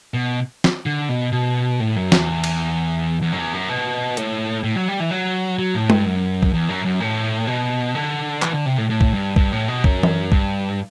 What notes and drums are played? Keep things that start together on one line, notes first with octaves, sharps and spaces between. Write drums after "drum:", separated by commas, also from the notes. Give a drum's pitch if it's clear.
B2
drum: snare
D3
B2
B2
A2
F#2
E2, drum: snare
drum: cymbal
E2
F#2
E2
F#2
B2
A2, drum: hi-hat
A2
F#3
G3
E3
F#3
F#3
A2
G2, drum: tom G#3
F#2
drum: kick B1
E2
F#2
F#2
A2
B2
D3
E3, drum: clap
D3
C3
A2
A2
drum: kick B1
G2
G2, drum: kick B1
A2
B2
F#2, drum: kick B1
drum: tom E3
G2, drum: kick B1